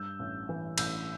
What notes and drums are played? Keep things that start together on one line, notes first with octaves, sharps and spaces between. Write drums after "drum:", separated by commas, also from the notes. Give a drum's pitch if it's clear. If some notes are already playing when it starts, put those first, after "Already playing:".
Already playing: G2 E6 G6
A1
E3
A1 E6 G6, drum: cymbal